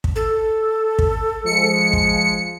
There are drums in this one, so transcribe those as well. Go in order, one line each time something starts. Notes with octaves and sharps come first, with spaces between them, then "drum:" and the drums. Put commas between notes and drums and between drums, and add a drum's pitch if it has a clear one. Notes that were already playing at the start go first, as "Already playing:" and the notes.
drum: kick
A4
drum: kick
F3 G#3 C#7
drum: kick